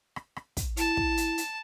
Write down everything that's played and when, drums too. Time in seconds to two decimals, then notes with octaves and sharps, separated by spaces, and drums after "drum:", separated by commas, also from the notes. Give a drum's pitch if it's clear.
0.16 drum: rim click
0.36 drum: rim click
0.57 drum: kick, hi-hat
0.77 E4 A5, drum: hi-hat
0.97 drum: kick
1.17 drum: hi-hat
1.38 drum: hi-hat